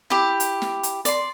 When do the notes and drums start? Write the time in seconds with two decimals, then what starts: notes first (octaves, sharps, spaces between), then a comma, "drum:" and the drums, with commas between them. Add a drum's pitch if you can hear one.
0.10 E4 G4
0.40 drum: hi-hat
0.62 drum: snare
0.83 drum: hi-hat
1.05 D5 C6, drum: hi-hat